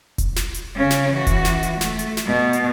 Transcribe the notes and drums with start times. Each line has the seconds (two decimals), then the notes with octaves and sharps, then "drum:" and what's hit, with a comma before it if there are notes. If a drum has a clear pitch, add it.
0.18 drum: kick E1, hi-hat
0.36 drum: snare
0.54 drum: hi-hat
0.77 C#3 C#4
0.90 drum: snare
1.13 E3 F#4
1.27 drum: kick E1, hi-hat
1.45 drum: snare
1.63 drum: hi-hat
1.81 A3, drum: snare
1.99 drum: hi-hat
2.17 drum: snare
2.27 B2
2.53 drum: hi-hat